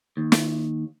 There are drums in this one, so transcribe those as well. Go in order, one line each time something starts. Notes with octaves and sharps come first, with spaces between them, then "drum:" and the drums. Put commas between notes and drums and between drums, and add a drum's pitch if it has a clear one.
D#2
drum: snare